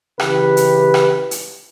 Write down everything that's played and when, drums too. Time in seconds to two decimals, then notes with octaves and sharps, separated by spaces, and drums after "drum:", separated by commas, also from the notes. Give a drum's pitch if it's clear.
0.20 C#3 E3 G4 B4, drum: rim click
0.57 drum: hi-hat
0.94 drum: rim click
1.31 drum: hi-hat